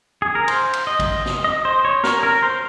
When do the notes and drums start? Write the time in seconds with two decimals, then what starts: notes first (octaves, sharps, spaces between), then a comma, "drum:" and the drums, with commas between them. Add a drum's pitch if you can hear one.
0.22 G#4
0.35 A#4
0.48 C5, drum: cymbal
0.73 drum: cymbal
0.87 D#5
0.99 drum: kick A1, cymbal
1.25 drum: snare
1.44 D#5
1.65 C5
1.85 C#5
2.04 A#4, drum: snare
2.23 A#4
2.43 C5